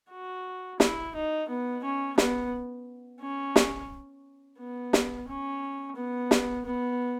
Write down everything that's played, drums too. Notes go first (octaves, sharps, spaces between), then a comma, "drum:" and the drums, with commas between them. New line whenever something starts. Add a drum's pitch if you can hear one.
F#4
E4, drum: snare
D#4
B3
C#4
B3, drum: snare
C#4
drum: snare
B3
drum: snare
C#4
B3
drum: snare
B3